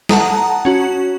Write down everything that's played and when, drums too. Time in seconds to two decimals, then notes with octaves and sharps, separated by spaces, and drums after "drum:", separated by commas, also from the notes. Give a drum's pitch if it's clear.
0.09 F#5 A5 A#5 D#6, drum: snare
0.65 C#4 F#4